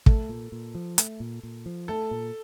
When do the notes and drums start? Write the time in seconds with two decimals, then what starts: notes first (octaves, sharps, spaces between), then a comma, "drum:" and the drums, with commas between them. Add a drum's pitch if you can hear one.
0.06 A3 A4, drum: kick
0.29 A#2
0.52 A#2
0.75 F3
0.98 A3, drum: hi-hat
1.20 A#2
1.43 A#2
1.66 F3
1.88 A3 A4
2.11 A#2